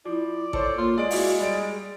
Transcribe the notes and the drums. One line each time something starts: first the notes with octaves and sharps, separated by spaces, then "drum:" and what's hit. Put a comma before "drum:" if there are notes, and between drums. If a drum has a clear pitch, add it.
F3 E4 D5
A4 C5 C#5, drum: kick A1
A#3 F4
G#3 D5 D7
E4 F#4 D5 F5, drum: open hi-hat
G3 G#4 A6 D7